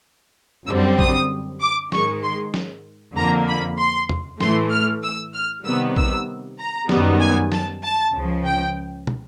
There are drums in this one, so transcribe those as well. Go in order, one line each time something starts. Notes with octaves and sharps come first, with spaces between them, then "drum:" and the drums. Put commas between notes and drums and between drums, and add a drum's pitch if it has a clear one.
F#2 D3 G3 C4 E6
D#6, drum: kick A#1
D6
G#2 D#3 G#3 C#6, drum: snare F#3
C6
drum: snare F#3
F2 D3 F3 A#3 A#5
B5
C6
drum: tom
A2 E3 A3 C6, drum: snare F#3
F6
E6
F6
C3 D#3 G3 B3 E6
E6, drum: kick A#1
A#5
F#2 D#3 G3 B3, drum: snare F#3
G#5
A5, drum: snare F#3
A5
C#2 C#3 F3
G5
drum: tom